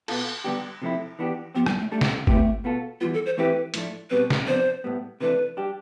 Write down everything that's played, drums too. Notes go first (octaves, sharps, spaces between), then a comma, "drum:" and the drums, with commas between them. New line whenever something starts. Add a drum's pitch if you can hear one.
B2 B3 F4 A4, drum: cymbal
D3 G3 B3 D4 G4
C3 F3 A3 C4 E4
E3 B3 D4 G4
F3 B3 C4 G4
G3, drum: rim click
A3
G3 A3 D4 A4
drum: snare
C3 G3 A3 B3 E4 G4, drum: kick
B2 B3 F4 A4
E3 G3 B3 F4
A4
C5
E3 A3 C4 E4 G4 B4
A2 F3 A3 D4, drum: hi-hat
B2 G3 C4 B4
drum: snare
C3 F3 B3 D4 C5
A2 G3 B3
C3 E3 A3 D4 B4
G3 D4 G4